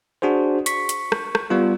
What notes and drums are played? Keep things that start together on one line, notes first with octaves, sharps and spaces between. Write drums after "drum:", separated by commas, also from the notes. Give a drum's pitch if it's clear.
D4 F#4 G#4 C5
C#6 B6, drum: hi-hat
drum: hi-hat
drum: rim click
drum: rim click
G3 B3 F4